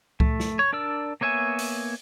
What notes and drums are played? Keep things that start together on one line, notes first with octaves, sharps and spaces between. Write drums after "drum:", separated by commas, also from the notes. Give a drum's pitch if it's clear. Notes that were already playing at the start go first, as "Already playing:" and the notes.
A3, drum: kick C#2
drum: snare
C#5
D4 A#4 D5 E6
A#3 B3 C#5 E5 G#5
drum: open hi-hat